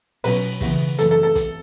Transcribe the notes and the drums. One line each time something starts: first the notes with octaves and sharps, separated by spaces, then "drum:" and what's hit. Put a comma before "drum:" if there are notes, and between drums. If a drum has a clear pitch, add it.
B2 F#3 C#4 B4, drum: open hi-hat
C#3 E3 B3, drum: kick, open hi-hat
F#2 E3 A3 A4, drum: hi-hat
A4
A4
drum: kick, hi-hat